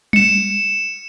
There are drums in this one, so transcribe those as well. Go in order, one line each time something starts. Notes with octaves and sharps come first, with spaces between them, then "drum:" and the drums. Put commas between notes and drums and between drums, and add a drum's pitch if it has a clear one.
C#7 E7, drum: tom G3